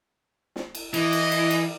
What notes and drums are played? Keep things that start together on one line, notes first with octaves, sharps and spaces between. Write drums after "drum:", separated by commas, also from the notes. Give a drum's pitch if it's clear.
drum: snare
drum: cymbal
E3 E4 D#5, drum: cymbal
drum: cymbal
drum: cymbal
drum: cymbal